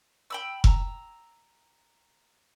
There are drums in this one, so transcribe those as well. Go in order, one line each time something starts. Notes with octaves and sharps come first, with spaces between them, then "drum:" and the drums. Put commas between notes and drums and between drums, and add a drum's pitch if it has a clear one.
G5 B5 E6
A#5 E6, drum: kick F1